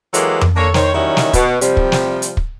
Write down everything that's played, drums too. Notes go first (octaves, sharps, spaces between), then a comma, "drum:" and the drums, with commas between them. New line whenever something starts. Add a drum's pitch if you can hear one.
E3 F#3 G#3 A#3 G4 A4, drum: hi-hat
drum: tom F2
A#3 D4 A4 C#5
D#3 C5 C#5, drum: snare
D#3 F#3 G3 C#4 D#4 E4
drum: snare
B2, drum: kick, hi-hat
C3 F3 G3, drum: hi-hat
drum: kick
drum: snare
drum: hi-hat
drum: kick